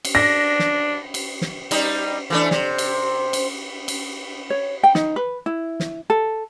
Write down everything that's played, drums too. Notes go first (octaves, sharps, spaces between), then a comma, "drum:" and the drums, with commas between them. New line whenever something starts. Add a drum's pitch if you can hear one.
drum: cymbal
D4 A#6
drum: snare
drum: cymbal
drum: snare
G3 D#4, drum: cymbal
E3 A3 D4
C3, drum: snare
drum: cymbal
drum: cymbal
drum: cymbal
C#5
G5
D#4, drum: snare
B4
E4
drum: snare
A4